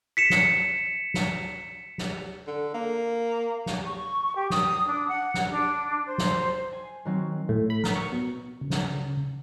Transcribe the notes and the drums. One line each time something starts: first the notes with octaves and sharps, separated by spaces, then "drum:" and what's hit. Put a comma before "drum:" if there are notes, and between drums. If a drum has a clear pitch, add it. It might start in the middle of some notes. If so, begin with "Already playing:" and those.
B6 C#7 E7
drum: snare
drum: snare
drum: snare
D3
A#3
drum: snare
C#6
G4
D#6, drum: snare
D4
F#5
drum: snare
D4
C5
drum: snare
G#5
D#3 F#3 C4
A2
B5
A#4, drum: snare
C#6
B2
C#3
drum: snare